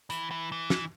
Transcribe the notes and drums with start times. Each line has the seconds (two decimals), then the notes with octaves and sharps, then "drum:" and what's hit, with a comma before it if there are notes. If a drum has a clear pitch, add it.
0.10 E3, drum: hi-hat
0.31 E3
0.52 E3
0.70 drum: snare